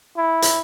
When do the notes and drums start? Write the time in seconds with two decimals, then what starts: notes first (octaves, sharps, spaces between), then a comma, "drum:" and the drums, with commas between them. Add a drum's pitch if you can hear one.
0.17 E4
0.42 drum: hi-hat